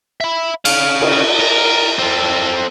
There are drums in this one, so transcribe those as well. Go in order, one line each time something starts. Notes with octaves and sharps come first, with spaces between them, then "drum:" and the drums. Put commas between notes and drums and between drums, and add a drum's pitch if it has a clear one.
E5 B5
C#4 F5, drum: cymbal
drum: cymbal
A#4
C4 A4